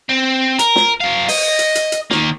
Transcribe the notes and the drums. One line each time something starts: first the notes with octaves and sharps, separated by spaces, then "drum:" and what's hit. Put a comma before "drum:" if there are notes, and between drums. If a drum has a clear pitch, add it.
C4
A#4, drum: hi-hat
drum: snare
F#3 F5
D#5, drum: open hi-hat
drum: hi-hat
drum: hi-hat
drum: hi-hat
D#3 A#3, drum: snare